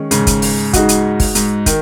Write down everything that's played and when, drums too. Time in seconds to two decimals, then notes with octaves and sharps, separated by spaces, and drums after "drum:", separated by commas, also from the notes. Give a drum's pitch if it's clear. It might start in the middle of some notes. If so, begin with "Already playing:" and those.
Already playing: D#3 G#3 C#4
0.11 G#2 C#3, drum: hi-hat
0.27 drum: kick, hi-hat
0.42 drum: open hi-hat
0.73 G#3 D#4 F#4, drum: kick, hi-hat
0.89 drum: hi-hat
1.20 drum: kick, open hi-hat
1.35 G#2, drum: hi-hat
1.66 D#3, drum: kick, hi-hat